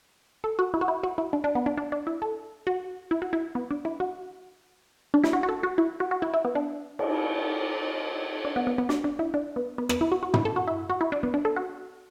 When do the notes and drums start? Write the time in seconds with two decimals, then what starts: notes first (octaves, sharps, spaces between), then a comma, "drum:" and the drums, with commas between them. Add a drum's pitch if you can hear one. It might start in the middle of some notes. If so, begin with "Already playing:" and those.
0.44 A4
0.59 F#4
0.74 E4
0.81 F#4
0.88 E4
1.03 F#4
1.18 E4
1.33 D4
1.44 D4
1.55 B3
1.66 D4
1.77 D4
1.92 D4
2.07 E4
2.22 A4
2.67 F#4
3.11 E4
3.22 F#4
3.33 E4
3.55 B3
3.71 D4
3.85 E4
4.00 F#4
5.14 D4
5.24 E4, drum: snare
5.33 F#4
5.43 F#4
5.49 A4
5.63 F#4
5.78 E4
6.00 F#4
6.11 F#4
6.22 E4
6.34 E4
6.45 B3
6.55 D4
6.99 drum: cymbal
8.45 D4
8.56 B3
8.67 B3
8.78 B3
8.89 D4, drum: snare
9.04 D4
9.19 E4
9.34 D4
9.56 B3
9.78 B3
9.89 B3, drum: rim click
10.01 E4
10.12 F#4
10.23 F#4
10.34 E4, drum: tom
10.45 A4
10.56 F#4
10.67 E4
10.90 F#4
11.01 E4
11.12 D4
11.23 B3
11.34 D4
11.45 A4
11.57 F#4